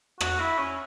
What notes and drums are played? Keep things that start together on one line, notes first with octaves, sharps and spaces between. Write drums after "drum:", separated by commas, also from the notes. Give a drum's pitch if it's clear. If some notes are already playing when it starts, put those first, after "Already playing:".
F#4, drum: rim click
E4
C#4